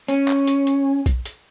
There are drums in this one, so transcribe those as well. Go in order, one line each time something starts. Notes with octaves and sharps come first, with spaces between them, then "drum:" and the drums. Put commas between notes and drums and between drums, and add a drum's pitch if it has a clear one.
C#4, drum: hi-hat
drum: clap
drum: hi-hat
drum: hi-hat
drum: kick B1, hi-hat
drum: hi-hat